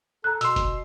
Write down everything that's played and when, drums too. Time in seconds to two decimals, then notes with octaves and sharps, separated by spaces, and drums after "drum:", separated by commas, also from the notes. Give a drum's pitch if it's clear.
0.24 A4 A#5 F#6
0.41 B2 C6 E6, drum: hi-hat
0.56 drum: kick, hi-hat